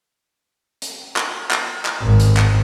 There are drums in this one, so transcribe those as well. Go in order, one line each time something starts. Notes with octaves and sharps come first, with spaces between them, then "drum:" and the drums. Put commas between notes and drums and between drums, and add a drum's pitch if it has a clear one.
drum: hi-hat
drum: clap
drum: clap
drum: clap
G#1
drum: hi-hat
drum: clap